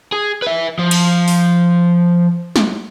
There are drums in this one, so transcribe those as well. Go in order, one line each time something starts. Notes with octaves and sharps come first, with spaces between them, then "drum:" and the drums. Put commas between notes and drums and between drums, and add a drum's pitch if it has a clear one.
G#4
B4 E5
F3
drum: cymbal
drum: open hi-hat
drum: snare